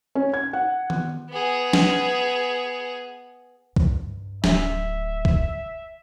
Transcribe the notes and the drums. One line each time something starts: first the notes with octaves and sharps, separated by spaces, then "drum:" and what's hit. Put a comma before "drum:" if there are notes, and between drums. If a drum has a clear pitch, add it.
C#4
G#6
F#5
drum: tom
B3 G#4
drum: snare
G2, drum: kick
D1 E5, drum: snare
drum: kick